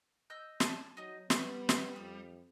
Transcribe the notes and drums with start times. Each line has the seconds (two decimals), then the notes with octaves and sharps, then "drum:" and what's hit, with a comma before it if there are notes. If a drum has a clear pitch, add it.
0.30 D#5 E6 G6
0.60 D5 G#5 A5, drum: snare
0.97 F#3 D#4 D#5
1.30 G3 B3 C#6, drum: snare
1.69 drum: snare
1.96 F2 D#6